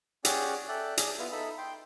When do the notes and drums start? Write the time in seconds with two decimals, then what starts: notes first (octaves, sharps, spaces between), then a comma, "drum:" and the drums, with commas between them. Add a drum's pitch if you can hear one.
0.25 C#4 G4 G#4 D5 F#5, drum: hi-hat
0.68 A4 D5 E5 G5 F#6
0.97 G#4 D5 A5, drum: hi-hat
1.19 B3 E4 F4 B4 F6
1.32 D#4 A4 E5 B5
1.58 G5 C6